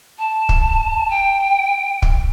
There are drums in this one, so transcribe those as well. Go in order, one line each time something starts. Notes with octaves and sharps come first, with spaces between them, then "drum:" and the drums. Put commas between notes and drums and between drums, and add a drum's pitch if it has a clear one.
A5
drum: kick
G5
drum: kick